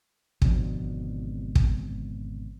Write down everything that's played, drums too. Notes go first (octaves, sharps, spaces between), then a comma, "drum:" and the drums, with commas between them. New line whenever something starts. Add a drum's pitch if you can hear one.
G#1 B2 D3 F3, drum: kick
drum: kick